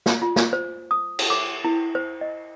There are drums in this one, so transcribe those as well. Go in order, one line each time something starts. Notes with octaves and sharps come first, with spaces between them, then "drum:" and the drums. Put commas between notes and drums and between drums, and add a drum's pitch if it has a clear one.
drum: snare
F4
drum: snare
C5
D#6
drum: cymbal
D6
E4
C5
D#5